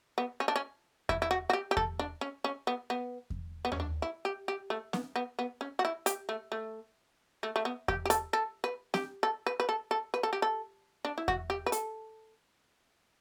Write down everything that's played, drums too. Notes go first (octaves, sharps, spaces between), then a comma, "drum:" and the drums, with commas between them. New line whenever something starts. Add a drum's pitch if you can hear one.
B3
C#4
D4
C#4
E4, drum: kick E2
E4
F#4
F#4
G4
G4
A4, drum: kick E2
D4
C#4
C#4
B3
B3
drum: kick E2
B3
C#4, drum: tom D#2
D4
E4
G4
G4
A3
B3, drum: snare
B3
B3
C#4
F#4
E4
G4, drum: hi-hat
A3
A3
A3
A3
B3
G4, drum: kick E2
G4
A4, drum: hi-hat
A4
B4
G4, drum: snare
A4
B4
B4
A4
A4
B4
A4
G4
A4
D4
E4
F#4, drum: kick E2
G4
B4
A4, drum: hi-hat